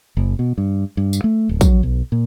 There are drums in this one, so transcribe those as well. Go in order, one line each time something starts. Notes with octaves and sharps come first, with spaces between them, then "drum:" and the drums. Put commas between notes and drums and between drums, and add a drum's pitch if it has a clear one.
F#1
B2
G2
G2
drum: tambourine
A3
D1
F#3, drum: kick, tambourine
B1
A#2